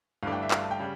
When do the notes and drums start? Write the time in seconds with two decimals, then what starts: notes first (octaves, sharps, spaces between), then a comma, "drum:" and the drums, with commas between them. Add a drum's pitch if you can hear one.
0.23 G1 G2 E3 A3 D4 F5
0.32 G5
0.42 E5
0.51 F5, drum: clap
0.61 A5
0.71 G5
0.80 C#3 G3